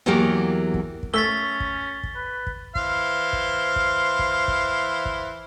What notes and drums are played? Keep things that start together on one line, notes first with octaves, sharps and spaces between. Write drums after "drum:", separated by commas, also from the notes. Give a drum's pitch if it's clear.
E2 E3 F#3 A#3 G4 A#4
drum: kick
drum: kick
A3 C#4 E6 A6 B6 G7
drum: kick
drum: kick
B4
drum: kick
E3 C5 F5, drum: kick
drum: kick
drum: kick
drum: kick
drum: kick
drum: kick